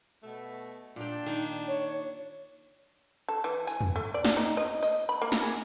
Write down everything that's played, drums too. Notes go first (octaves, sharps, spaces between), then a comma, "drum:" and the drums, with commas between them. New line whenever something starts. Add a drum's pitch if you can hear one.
B2 A3
A#2 D4 G5
D#3, drum: cymbal
C#5
A4
E3
G#5, drum: tambourine
drum: tom E2
A3
D5
drum: snare
D#4
D#5
D#5, drum: tambourine
B5
A#3
drum: snare
G#4